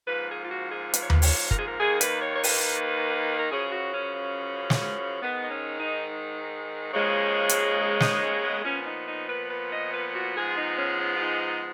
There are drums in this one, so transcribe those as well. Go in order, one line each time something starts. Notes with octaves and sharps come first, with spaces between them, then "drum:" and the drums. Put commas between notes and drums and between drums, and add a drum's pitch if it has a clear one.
G#2 F3 A#3 B4
G#4
F4
F#4
G#4
B4, drum: hi-hat
C#5
B4, drum: tom D#2
C#5, drum: open hi-hat
A#4, drum: kick
G#4
A#4
D#2 D#3 A#3 G#4
B4, drum: hi-hat
C#5
C#5
B4, drum: open hi-hat
A#4
F#2 C#3 F3 G#4
F#4
C#4
C#4
drum: snare
G#2 D#3 G#3 B3
D#4
C#4
D#4
D#2 C#3 F3 G#3
drum: hi-hat
D#4
D#4, drum: snare
C#4
B3
A#2 F3 B3 C#4
C#4
D#4
D#4
B4
B4
D#5
B4
F#4
G#2 F3 G#3 B3 G#4
F4
D#4
C#4
C#4
F4
D#4